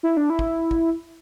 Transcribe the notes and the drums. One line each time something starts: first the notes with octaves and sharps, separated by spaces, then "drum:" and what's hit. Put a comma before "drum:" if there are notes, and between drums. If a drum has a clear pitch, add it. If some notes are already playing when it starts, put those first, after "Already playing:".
E4
D4
E4
drum: kick
drum: kick